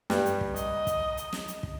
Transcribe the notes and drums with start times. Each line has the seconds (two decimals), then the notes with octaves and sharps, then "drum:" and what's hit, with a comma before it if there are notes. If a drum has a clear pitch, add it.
0.10 G2 G3, drum: snare
0.26 drum: hi-hat
0.41 drum: kick
0.56 D#5, drum: hi-hat
0.87 drum: kick, hi-hat
1.17 drum: hi-hat
1.33 drum: snare
1.48 drum: hi-hat
1.63 drum: kick